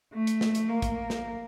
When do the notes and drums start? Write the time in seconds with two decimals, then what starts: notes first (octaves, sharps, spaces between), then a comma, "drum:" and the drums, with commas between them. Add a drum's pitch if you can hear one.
0.14 A3
0.27 drum: hi-hat
0.41 drum: snare
0.55 drum: hi-hat
0.69 A#3
0.82 drum: kick, hi-hat
1.10 drum: snare